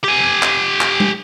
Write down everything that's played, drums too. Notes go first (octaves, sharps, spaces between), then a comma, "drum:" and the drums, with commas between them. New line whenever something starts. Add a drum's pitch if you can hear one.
G4 G#5
drum: clap
drum: clap
drum: tom G3